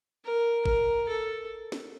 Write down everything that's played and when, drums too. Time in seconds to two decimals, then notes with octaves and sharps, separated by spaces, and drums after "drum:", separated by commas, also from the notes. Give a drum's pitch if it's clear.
0.25 A#4
0.66 A#4, drum: kick G#1
1.09 A4
1.72 drum: snare